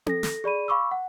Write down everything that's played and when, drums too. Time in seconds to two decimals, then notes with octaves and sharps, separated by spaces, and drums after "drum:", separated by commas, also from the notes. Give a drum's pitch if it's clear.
0.06 A4 A#6, drum: tom C4
0.23 drum: snare
0.44 G#4 D5 B5 D#7
0.68 F5 B5 C#6 D6 E6
0.91 F#5